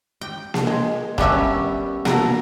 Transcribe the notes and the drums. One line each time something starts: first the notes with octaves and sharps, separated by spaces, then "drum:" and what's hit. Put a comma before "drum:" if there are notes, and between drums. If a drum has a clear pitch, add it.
G5
drum: snare A#3
G#3
G3 B3 C#4 D4 A#4 E5, drum: kick
B3 F#4 A4 A#4, drum: snare A#3